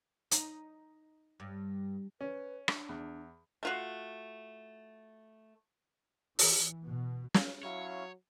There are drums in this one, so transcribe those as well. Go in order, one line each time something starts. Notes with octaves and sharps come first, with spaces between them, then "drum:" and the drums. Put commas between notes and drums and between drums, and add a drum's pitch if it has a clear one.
D#4, drum: hi-hat
G2
C#4 B4
D4, drum: rim click
E2
A3 F4 F#4
E3, drum: open hi-hat
B2
drum: snare
F#3 C#4 E4 C#5 F5